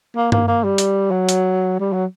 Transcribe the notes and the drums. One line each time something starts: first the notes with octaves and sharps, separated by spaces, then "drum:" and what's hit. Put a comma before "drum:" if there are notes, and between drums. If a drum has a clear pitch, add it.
A#3
A#3, drum: tom G2
A#3
G3
drum: hi-hat
F#3
drum: hi-hat
G3
F#3